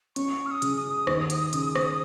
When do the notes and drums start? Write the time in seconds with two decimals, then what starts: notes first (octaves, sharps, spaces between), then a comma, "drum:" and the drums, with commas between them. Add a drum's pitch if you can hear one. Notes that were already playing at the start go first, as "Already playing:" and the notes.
0.16 C#4 C#6, drum: hi-hat
0.46 F6
0.51 D#6
0.62 C#3, drum: hi-hat
0.77 D#6
1.07 D#2, drum: rim click
1.30 drum: hi-hat
1.53 C#3, drum: hi-hat
1.75 drum: rim click